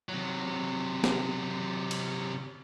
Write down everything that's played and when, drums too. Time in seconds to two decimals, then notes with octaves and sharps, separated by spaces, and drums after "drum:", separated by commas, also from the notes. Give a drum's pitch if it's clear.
0.09 C3 F#3
1.04 drum: snare
1.91 drum: cymbal